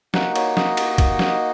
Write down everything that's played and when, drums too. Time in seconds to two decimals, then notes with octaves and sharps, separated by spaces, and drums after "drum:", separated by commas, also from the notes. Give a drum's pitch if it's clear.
0.14 A#3 D#4 F#4 F#5, drum: snare
0.36 C#5, drum: cymbal
0.57 D#5, drum: snare
0.77 drum: cymbal
0.98 drum: kick, cymbal
1.19 drum: snare